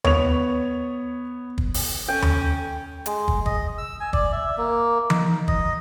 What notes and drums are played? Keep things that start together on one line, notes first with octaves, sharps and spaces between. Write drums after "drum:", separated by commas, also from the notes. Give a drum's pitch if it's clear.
B3 C#5 F7, drum: tom D#2
drum: kick
drum: open hi-hat
C#4 A4 G5
drum: tom D#2
G#3, drum: hi-hat
drum: kick
D#5, drum: kick
E6
G#5
D5, drum: kick
E5
A#3
D#4, drum: tom E3
D#5, drum: kick